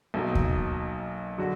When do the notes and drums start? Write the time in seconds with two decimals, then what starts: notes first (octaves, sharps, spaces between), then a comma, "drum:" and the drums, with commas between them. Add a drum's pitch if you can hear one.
0.14 B1 B2 F#3 A#3 D#4
0.35 drum: kick D#2
1.38 D3 F#3 D4 F#4